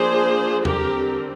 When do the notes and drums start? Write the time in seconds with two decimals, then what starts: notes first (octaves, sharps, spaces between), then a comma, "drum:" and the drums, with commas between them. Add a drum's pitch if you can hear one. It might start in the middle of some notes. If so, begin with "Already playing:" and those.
Already playing: F3 A#3 D4 G#4 C5
0.65 D3 G3 C4 G4 A#4, drum: tom E2